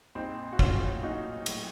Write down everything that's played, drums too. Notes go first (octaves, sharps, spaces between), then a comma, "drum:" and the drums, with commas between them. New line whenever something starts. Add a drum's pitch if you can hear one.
A#1 C4 D#4
F#4
A2 F#3 C#4 F4, drum: kick
A#1 D#4 F#4
A2 F#3, drum: cymbal